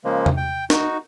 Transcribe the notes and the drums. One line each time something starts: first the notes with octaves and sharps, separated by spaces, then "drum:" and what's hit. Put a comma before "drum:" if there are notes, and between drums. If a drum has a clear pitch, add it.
C#3 F3 G#3 A#3
drum: tom
G5
D#4 F#4, drum: snare